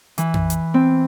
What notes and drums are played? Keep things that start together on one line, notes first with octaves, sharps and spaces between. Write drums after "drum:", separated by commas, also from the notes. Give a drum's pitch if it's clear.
E3, drum: hi-hat
drum: tom F2
drum: hi-hat
C4